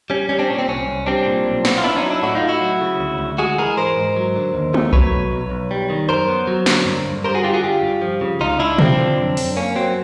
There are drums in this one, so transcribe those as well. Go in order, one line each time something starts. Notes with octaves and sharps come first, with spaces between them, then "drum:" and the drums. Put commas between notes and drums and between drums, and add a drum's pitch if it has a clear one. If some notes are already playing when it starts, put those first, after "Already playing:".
G3 C#4
G3 C#4
C4 D4
A#2 C#4
C4
C2 C#4
C2
G3 C4 D4
A#2
B1
B3, drum: snare
F4
B3 D4 E4
C#4 D#4
F#3
D4 E4
A2 E4 F#4
D#4 F4
A2
E4 F#4
F#3
C#3
D2
D2
G#3 F#4 G#4
E3 G#4 A#4
G#2 A#4 C5
G#2
F#3
D3
D#2
A3, drum: tom
F#3 B4 C#5, drum: kick B1
B2
B1
B1
G3
D#3
F#2 A#4 C5
B3
F#3
D3, drum: snare
G2
G2
G3 A#4 C5
F#4 G#4
D3 F4 G4
F#4 G#4
G2 F4 G4
G2
F3
C#3
C#2 D#4 F4
C#2 D4 E4
F3 C4 D4, drum: tom B2
D3
F#2
F#2, drum: open hi-hat
A#3 C#4
F#3 C4